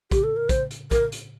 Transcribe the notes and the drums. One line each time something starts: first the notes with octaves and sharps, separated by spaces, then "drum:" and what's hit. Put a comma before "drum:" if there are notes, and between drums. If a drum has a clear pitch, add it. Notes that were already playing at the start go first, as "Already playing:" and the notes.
G4, drum: kick, hi-hat
A4
A#4
C5, drum: kick, hi-hat
drum: hi-hat
A#4, drum: kick, hi-hat
drum: hi-hat